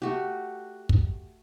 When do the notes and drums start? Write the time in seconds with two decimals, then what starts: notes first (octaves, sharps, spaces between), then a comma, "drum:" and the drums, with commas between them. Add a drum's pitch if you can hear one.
0.02 A3 F#4 G4
0.89 drum: kick